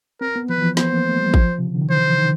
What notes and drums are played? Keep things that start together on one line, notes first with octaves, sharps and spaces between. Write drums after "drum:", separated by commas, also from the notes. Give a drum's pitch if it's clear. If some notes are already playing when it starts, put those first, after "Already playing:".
C4 A#4
B3
F3 B4
E3
F3
B3 C5, drum: snare
A#3
A3
G3
F3, drum: kick A1
C3
C#3
D3
D#3
E3 C5
D#3